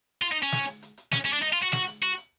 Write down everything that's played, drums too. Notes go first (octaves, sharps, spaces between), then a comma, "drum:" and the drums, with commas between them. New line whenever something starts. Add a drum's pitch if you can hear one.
F4, drum: hi-hat
D#4
C#4
drum: snare
drum: hi-hat
drum: hi-hat
drum: hi-hat
C#4, drum: snare
C#4, drum: hi-hat
D4
D#4, drum: hi-hat
F4
F#4
F#4, drum: snare
drum: hi-hat
F#4, drum: hi-hat
drum: hi-hat